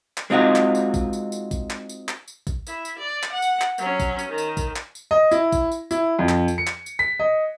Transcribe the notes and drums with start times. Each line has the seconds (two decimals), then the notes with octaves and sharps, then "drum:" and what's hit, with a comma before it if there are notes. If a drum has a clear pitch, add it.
0.17 drum: clap
0.30 G#3 C4 D#4 F4 F#4
0.56 drum: clap
0.75 drum: tambourine
0.94 drum: kick A#1, tambourine
1.13 drum: tambourine
1.32 drum: tambourine
1.51 drum: kick A#1, tambourine
1.70 drum: clap
1.89 drum: tambourine
2.09 drum: clap
2.28 drum: tambourine
2.47 drum: kick A#1, tambourine
2.67 E4, drum: tambourine
2.85 drum: tambourine
2.99 D5
3.23 drum: clap
3.32 F#5
3.42 drum: tambourine
3.61 drum: clap
3.78 F#3 C#4, drum: tambourine
4.00 drum: kick A#1, tambourine
4.19 drum: tambourine
4.29 D#3
4.38 drum: tambourine
4.57 drum: kick A#1, tambourine
4.76 drum: clap
4.95 drum: tambourine
5.11 D#5
5.31 E4, drum: tambourine
5.52 drum: kick A#1, tambourine
5.72 drum: tambourine
5.91 E4, drum: tambourine
6.19 F2
6.29 drum: clap
6.48 drum: tambourine
6.58 C#7
6.67 drum: clap
6.86 drum: tambourine
6.99 B6
7.20 D#5